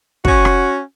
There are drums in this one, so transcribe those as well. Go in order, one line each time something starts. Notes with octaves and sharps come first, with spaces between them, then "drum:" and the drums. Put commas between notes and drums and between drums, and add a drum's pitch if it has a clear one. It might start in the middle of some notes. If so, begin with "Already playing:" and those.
C#4 F#4, drum: kick
drum: rim click